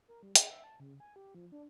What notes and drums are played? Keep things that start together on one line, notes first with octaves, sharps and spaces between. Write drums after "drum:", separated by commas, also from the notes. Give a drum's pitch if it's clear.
A#4
G3
G#4, drum: hi-hat
E5
A5
C#3
G#5
G4
F3
D4